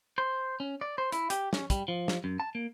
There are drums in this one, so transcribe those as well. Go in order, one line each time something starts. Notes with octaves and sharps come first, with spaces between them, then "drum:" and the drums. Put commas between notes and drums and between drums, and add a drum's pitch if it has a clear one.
C5
C#4
D5
C5
E4, drum: hi-hat
G4, drum: hi-hat
C#4, drum: snare
G3, drum: kick, hi-hat
F3
drum: snare
F#2
A5
A#3